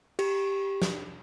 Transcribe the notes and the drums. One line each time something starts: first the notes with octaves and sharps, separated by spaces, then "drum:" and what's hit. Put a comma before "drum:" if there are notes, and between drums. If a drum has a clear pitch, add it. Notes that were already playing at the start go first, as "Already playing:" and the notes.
G4, drum: cymbal
drum: snare